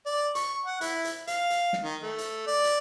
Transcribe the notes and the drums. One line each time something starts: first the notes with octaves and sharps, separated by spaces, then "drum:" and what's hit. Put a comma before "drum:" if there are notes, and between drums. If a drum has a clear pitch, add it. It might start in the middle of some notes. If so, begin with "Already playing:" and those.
D5
C#6, drum: hi-hat
F#5
E4, drum: hi-hat
drum: hi-hat
F5, drum: hi-hat
drum: hi-hat
drum: snare
D#3
A3
drum: hi-hat
D5
drum: hi-hat